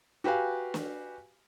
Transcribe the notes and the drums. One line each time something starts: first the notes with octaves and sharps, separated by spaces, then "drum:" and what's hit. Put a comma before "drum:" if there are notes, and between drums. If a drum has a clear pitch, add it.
F#4 G4 B4 F5 G#5
drum: snare